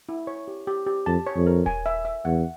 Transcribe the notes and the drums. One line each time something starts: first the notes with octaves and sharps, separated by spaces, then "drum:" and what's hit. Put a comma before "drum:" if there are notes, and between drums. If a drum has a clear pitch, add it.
E4
C#5
G4
G4
G4
F2 A5
C#5
F2
A#4
G#5, drum: kick D#1
E5
E5
E2 F#5